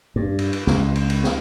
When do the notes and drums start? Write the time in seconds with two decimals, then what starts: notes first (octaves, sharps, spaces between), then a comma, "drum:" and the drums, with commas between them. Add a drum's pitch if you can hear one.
0.16 G2
0.39 drum: cymbal
0.53 drum: cymbal
0.67 C#2, drum: snare
0.95 drum: cymbal
1.10 drum: cymbal
1.24 drum: snare